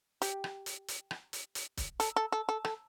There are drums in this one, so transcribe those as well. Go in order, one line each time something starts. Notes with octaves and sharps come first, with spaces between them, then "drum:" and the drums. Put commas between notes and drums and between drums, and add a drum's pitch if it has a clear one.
G4, drum: hi-hat
drum: rim click
drum: hi-hat
drum: hi-hat
drum: rim click
drum: hi-hat
drum: hi-hat
drum: kick, hi-hat
A4, drum: hi-hat
A4
A4
A4
A4, drum: rim click